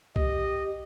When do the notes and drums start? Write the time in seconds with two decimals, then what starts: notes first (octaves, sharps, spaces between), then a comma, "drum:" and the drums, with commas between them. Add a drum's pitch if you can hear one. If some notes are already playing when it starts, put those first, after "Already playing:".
0.16 G4 D#5, drum: kick B1